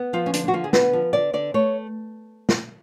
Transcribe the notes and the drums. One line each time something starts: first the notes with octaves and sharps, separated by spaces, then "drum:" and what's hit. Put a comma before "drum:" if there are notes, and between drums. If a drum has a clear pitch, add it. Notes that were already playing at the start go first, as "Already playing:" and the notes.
Already playing: B3
F3 F4
C#4
D3 D4, drum: hi-hat
D4 F#4
D3 F4
G#4
B3 B4, drum: snare
F3
D3 D5
D3 D5
A3 C#5
drum: snare